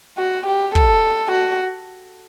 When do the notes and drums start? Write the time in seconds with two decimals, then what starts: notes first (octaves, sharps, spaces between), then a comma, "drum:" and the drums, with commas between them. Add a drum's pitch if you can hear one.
0.18 F#4
0.46 G4
0.75 A4, drum: kick
1.31 F#4